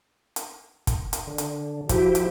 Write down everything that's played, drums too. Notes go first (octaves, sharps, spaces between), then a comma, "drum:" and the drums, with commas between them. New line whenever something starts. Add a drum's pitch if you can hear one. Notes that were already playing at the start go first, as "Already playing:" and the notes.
drum: hi-hat
drum: kick, hi-hat
drum: hi-hat
D3
drum: hi-hat
F3 E4 F#4 G4, drum: kick, hi-hat
drum: hi-hat